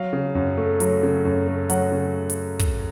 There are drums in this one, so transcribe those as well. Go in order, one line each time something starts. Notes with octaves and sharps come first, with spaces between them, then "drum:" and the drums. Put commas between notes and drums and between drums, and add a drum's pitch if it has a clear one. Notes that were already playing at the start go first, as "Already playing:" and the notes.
Already playing: F#3 F5
C#3
F#2
A3
F#3, drum: hi-hat
C#3
F#2
A3
F#3 F#5, drum: hi-hat
C#3
drum: hi-hat
drum: kick, hi-hat